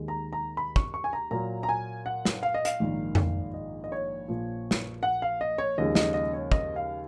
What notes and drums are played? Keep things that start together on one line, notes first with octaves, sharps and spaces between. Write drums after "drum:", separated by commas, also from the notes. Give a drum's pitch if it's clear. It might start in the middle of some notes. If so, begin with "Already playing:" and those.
Already playing: D#2 D#3 G#3
A#5
A#5
B5
C#6, drum: kick
C#6
G#5
A#5
A#2 F#3 A#3 A#5
A#5
G#5
F#5
drum: snare
F5
D#5
F5, drum: hi-hat
A#1 G#2 D#3 A#3
drum: tom F2
D#5
D#5
C#5
A#1 A#2 F3
drum: snare
F#5
F5
D#5
C#5
D#2 C#3 F3 G#3 D#5
D#5, drum: snare
D#5
C#5
D#5, drum: kick
F5